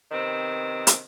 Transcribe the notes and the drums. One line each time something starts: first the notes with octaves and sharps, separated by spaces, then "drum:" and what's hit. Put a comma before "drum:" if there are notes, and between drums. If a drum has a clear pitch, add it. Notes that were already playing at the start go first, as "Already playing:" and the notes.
C3 D#3 B3 C4
drum: hi-hat